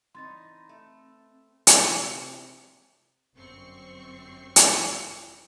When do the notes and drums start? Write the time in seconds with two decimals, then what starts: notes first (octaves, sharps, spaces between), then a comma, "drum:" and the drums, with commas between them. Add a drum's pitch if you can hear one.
0.15 E3 C4 D#4 C6 A6
0.69 A3
1.67 C3 A3, drum: hi-hat
3.36 G1 F#2 C4 C#6 C7
4.56 drum: hi-hat